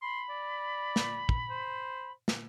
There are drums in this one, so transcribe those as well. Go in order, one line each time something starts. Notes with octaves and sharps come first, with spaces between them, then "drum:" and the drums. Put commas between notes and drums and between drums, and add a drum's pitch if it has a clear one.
B5 C6
D5
drum: snare
drum: kick
C5
drum: snare